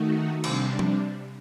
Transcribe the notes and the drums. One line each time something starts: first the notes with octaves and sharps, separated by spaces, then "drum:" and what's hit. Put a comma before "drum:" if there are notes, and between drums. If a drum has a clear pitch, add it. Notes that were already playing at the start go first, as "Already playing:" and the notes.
Already playing: D#3 A3 D#4 F#4
C3 G3 D4, drum: cymbal
drum: tom F3